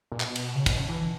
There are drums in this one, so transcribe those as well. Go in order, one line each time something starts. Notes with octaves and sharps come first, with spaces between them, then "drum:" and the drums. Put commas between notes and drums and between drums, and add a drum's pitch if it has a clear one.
A#2
B2, drum: clap
drum: cymbal
C#3
B2, drum: kick, cymbal
C#3
E3
E3